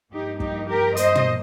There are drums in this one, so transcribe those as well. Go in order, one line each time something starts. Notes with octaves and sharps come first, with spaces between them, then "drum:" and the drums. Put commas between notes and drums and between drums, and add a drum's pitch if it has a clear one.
G2 F3 A#3 D#4 G4
D#4 G4, drum: kick
G4 A#4
C5 D#5, drum: hi-hat
drum: tom